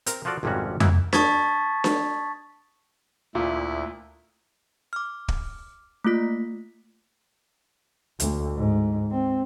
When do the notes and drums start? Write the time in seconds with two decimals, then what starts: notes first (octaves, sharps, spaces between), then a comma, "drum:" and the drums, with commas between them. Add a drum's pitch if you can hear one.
0.06 C4 A#4, drum: hi-hat
0.25 F3 F4 F#4 A4 D5
0.43 G#1 F2 C3 G3 C#4 F#4
0.80 E3 F#3 A#3 D#4 E4, drum: tom F2
1.13 A5 C#6 D#6 G#6 A6 B6, drum: snare D4
1.84 drum: snare D4
3.35 D2 A#2 E4
4.93 D6 F6
5.28 drum: kick
6.05 A3 A#3 F4 B6
8.20 D2, drum: hi-hat
8.56 G#2
9.11 C4